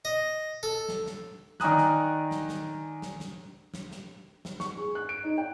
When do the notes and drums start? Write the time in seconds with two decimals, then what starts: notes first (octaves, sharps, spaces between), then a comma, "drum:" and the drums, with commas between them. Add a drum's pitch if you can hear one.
0.05 D#5
0.63 A4
0.89 drum: snare
1.06 drum: snare
1.60 D#3 D5 G#5 A#5 D#6 F#6, drum: snare
1.78 drum: snare
2.31 drum: snare
2.49 drum: snare
3.02 drum: snare
3.20 drum: snare
3.74 drum: snare
3.91 drum: snare
4.45 drum: snare
4.60 C#6, drum: snare
4.77 G#4
4.95 F#6
5.09 D7
5.23 D#4
5.38 G5